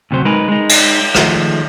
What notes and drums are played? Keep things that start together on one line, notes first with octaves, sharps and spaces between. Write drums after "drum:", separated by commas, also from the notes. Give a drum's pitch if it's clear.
D2 C3 F#3 C5
G#3 D#4 A#4 B4
G#3 D#4
drum: cymbal
D#3 F3 G#3 A3, drum: rim click